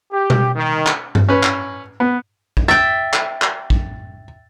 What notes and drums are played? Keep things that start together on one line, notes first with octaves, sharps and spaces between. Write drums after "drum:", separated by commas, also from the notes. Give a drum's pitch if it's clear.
G4
drum: tom B2
D#3
drum: clap
drum: tom G2
C#4 B4
drum: clap
B3
drum: kick
E5 G5 A6
drum: clap
drum: clap
drum: kick